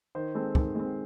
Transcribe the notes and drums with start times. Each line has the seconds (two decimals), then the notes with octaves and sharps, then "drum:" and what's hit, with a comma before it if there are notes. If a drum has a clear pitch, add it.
0.15 D#3 C5
0.35 G#3 C4 A4
0.55 D#3, drum: kick
0.75 G#3 C4